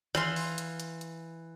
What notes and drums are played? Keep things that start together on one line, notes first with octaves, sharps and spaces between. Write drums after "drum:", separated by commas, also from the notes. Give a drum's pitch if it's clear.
E3 F5 C6, drum: rim click
drum: open hi-hat
drum: hi-hat
drum: hi-hat
drum: hi-hat